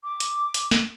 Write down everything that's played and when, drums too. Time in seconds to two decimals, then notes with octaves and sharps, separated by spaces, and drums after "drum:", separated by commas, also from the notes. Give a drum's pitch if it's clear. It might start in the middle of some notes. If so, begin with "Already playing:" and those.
0.03 D6
0.20 drum: hi-hat
0.54 drum: hi-hat
0.71 drum: snare